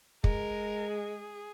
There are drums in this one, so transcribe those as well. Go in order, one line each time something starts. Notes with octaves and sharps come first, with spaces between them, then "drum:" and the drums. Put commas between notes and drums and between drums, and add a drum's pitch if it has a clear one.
G#3 A#4, drum: kick
G#4